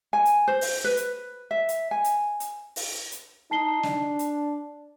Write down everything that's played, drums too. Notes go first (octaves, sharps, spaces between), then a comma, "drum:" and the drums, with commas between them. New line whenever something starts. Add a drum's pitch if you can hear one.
G#5
drum: hi-hat
C5
drum: open hi-hat
B4
drum: hi-hat
E5
drum: hi-hat
G#5
drum: hi-hat
drum: hi-hat
drum: open hi-hat
drum: hi-hat
D#4 A5 C7 G7
D4, drum: snare
drum: hi-hat